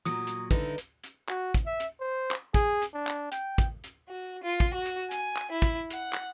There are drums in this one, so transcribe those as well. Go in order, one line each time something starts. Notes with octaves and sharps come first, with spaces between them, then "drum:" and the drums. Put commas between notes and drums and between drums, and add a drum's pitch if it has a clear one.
A#2 F#3 D#6
drum: hi-hat
D3 D#4 E4 B4, drum: kick, hi-hat
drum: hi-hat
drum: hi-hat
F#4, drum: clap
drum: kick, hi-hat
E5
drum: hi-hat
C5
drum: clap
G#4, drum: kick, hi-hat
drum: hi-hat
D4
drum: clap
G5, drum: hi-hat
drum: kick, hi-hat
drum: hi-hat
F#4
F4
drum: kick
F#4
drum: hi-hat
G#5, drum: hi-hat
drum: clap
E4
drum: kick, hi-hat
F#5, drum: hi-hat
drum: clap